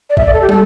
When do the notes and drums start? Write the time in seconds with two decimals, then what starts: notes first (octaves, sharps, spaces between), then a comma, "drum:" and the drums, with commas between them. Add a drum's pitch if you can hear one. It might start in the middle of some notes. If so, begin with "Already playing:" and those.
0.10 D5
0.17 E5, drum: kick A1
0.26 D5
0.33 A4
0.42 G4
0.49 A4, drum: tom